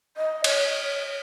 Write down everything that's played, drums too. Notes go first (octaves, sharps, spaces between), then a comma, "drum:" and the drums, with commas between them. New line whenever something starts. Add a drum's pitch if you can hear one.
D#5
C#5, drum: cymbal